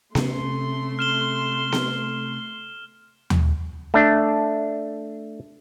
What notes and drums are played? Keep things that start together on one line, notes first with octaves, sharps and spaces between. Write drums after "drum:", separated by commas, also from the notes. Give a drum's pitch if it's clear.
C3 A3 C#4 C6, drum: snare B3
F6 E7 G7
drum: snare B3
drum: tom D#2
A3 D4